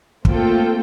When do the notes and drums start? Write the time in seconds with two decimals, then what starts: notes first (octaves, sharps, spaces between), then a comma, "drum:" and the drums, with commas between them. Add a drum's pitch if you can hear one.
0.25 A3 A#3 C4 F4 A4 G5, drum: kick